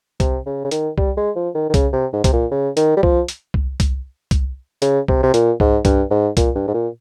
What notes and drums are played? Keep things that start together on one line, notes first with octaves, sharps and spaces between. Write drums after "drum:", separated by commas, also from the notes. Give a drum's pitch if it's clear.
C3, drum: kick C2, hi-hat
C#3
C#3
D#3, drum: hi-hat
G3, drum: kick C2
G#3
F3
D#3
D#3
C#3, drum: kick C2, hi-hat
C3
G#2
C3, drum: kick C2, hi-hat
A#2
C#3
D#3, drum: hi-hat
G3
F3, drum: kick C2
drum: hi-hat
drum: kick C2
drum: kick C2, hi-hat
drum: kick C2, hi-hat
C#3, drum: hi-hat
C3, drum: kick C2
C3
A#2, drum: hi-hat
G#2, drum: kick C2
G2, drum: kick C2, hi-hat
G#2
A#2, drum: kick C2, hi-hat
G2
G#2
A#2